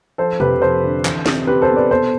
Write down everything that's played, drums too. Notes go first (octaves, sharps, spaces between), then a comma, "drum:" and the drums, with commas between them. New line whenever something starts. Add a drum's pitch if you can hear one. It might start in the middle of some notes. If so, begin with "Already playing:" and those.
F3 A4 C5
F1 G4 B4, drum: tom B2
F3 A4 C5
D3
E3, drum: clap
C3, drum: snare
C3 G4 B4
A4 C5
E2
B4 D5
B2 A4 C5